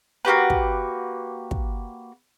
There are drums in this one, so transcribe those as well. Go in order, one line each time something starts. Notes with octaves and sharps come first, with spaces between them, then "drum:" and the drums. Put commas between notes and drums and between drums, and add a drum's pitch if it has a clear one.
A#3 F#4 G4 B4
drum: kick
drum: kick